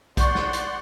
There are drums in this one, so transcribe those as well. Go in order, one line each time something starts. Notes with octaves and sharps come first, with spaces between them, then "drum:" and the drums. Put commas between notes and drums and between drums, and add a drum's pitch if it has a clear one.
D5 F#5 C6 C#6 G6, drum: kick A#1, hi-hat
drum: snare
drum: hi-hat